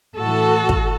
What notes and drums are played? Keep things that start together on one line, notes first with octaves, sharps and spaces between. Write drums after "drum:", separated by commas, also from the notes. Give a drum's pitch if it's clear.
A2 E3 F#4 A4
drum: kick